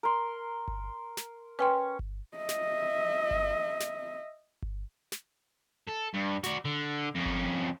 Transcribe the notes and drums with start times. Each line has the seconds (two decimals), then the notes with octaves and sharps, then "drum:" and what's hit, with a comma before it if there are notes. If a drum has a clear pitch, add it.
0.03 A#4 C6
0.68 drum: kick G1
1.17 drum: snare
1.59 C#4 B4 G5 C6
1.99 drum: kick G1
2.37 D#5 E5
2.49 drum: snare
3.31 drum: kick G1
3.80 drum: snare
4.63 drum: kick G1
5.12 drum: snare
5.87 A4
6.14 G2
6.44 F#4 D5, drum: snare
6.65 D3
7.15 F2 C#4
7.26 drum: kick G1